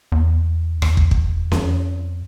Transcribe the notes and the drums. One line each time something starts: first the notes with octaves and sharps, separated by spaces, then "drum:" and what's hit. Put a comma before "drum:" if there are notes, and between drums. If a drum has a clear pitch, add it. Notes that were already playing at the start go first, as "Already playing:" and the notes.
E2
E2, drum: rim click
drum: kick
drum: kick
F2, drum: snare C#4